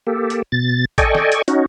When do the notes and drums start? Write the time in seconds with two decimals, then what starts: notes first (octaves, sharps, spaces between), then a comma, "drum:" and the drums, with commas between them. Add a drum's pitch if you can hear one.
0.07 A#3 G4 A4
0.30 drum: hi-hat
0.52 B2 A6
0.98 A4 D5 D#5 G5 G#5 C#6, drum: kick, hi-hat
1.15 drum: snare
1.32 drum: hi-hat
1.48 C#4 D#4 F#4, drum: hi-hat